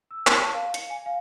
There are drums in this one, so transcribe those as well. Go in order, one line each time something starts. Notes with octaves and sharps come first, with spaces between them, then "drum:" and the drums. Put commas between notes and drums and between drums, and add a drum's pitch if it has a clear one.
E6
A5, drum: clap
F5
C#7, drum: hi-hat
G#5
F5